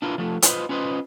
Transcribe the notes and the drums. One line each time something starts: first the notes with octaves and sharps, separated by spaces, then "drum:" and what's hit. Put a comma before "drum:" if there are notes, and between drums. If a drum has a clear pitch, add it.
D4 E4 F4 A#4 B4
F3 A3
F4 B4 C5 D#5, drum: hi-hat
C#4 F4 B4 C5 D#5